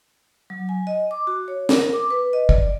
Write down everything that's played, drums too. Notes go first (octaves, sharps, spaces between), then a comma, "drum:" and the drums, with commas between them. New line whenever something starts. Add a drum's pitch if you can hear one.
F#3
G#5
D#5
D6
F#4
C#5
A#4, drum: snare
D6
B4
D#5
D5, drum: kick